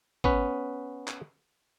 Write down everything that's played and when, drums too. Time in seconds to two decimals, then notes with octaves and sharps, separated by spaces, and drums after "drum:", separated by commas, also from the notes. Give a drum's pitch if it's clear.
0.24 B3 C#4 B4, drum: kick
1.08 drum: clap